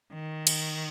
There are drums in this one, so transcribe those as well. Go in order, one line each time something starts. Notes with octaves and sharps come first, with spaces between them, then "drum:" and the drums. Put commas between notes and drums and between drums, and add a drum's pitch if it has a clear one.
D#3
drum: cymbal